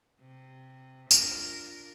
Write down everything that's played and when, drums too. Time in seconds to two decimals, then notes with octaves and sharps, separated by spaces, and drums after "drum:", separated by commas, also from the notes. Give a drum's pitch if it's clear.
0.20 C3
1.11 D4 F4 A#4, drum: tambourine